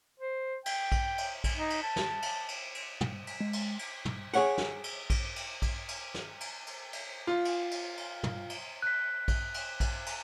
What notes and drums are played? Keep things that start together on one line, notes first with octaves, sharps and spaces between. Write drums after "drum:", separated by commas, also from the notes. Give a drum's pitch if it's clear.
C5
G5, drum: cymbal
drum: kick A#1, cymbal
drum: cymbal
drum: kick A#1, cymbal
D#4
drum: cymbal
A5
drum: snare
drum: cymbal
drum: cymbal
drum: cymbal
drum: tom
drum: cymbal
G#3
drum: cymbal
drum: cymbal
drum: tom
G#4 C#5 F#5, drum: cymbal
drum: snare
drum: cymbal
drum: kick A#1, cymbal
drum: cymbal
drum: kick A#1, cymbal
drum: cymbal
drum: snare
drum: cymbal
drum: cymbal
drum: cymbal
F4
drum: cymbal
drum: cymbal
drum: cymbal
drum: tom
drum: cymbal
F#6 B6
drum: kick A#1, cymbal
drum: cymbal
drum: kick A#1, cymbal
drum: cymbal